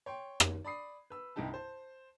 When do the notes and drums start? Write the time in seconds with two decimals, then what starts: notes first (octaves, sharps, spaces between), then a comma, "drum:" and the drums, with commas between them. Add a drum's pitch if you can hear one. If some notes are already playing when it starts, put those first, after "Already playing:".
0.06 C#5 G5 C6
0.40 drum: rim click
0.65 D5 B5 D#6 C7
1.10 B4 E6
1.36 C2 G2 D#4 G4 A5
1.54 C5 A5